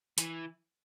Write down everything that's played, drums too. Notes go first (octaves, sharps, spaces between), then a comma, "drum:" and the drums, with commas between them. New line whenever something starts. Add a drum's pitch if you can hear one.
E3, drum: hi-hat